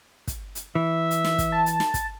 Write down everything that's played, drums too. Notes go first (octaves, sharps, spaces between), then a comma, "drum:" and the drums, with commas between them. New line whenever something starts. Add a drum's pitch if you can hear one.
drum: kick, hi-hat
drum: hi-hat
E3 E5
drum: hi-hat
drum: snare
drum: kick, hi-hat
A5
drum: hi-hat
drum: snare
drum: kick, hi-hat